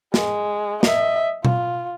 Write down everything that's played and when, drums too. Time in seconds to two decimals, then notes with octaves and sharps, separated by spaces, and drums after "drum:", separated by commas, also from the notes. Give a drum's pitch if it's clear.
0.14 G#3, drum: snare
0.83 D#5 E5, drum: snare
1.45 F4, drum: tom B2